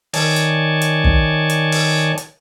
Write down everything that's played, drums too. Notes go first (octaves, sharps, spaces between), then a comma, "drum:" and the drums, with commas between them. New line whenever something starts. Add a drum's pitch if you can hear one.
D#3 C#5 D5 G#5 A5, drum: open hi-hat
drum: hi-hat
drum: hi-hat
drum: kick
drum: hi-hat
drum: open hi-hat
drum: hi-hat